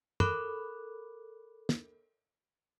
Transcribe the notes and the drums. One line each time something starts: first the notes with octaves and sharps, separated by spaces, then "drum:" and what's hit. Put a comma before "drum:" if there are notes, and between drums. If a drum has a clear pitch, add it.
A4 A#4 B5 C#6 D6 F#6, drum: tom F#2
drum: snare